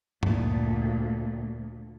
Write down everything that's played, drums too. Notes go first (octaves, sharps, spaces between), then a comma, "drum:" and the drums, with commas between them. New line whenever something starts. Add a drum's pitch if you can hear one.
D2 A#2, drum: tom G2